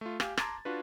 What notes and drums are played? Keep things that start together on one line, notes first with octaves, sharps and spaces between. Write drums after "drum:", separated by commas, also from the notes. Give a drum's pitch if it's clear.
A3 F4
G4 F5 G#5, drum: rim click
A5 A#5 C6 D6 G#6 A6, drum: rim click
D4 F4 F#4 B4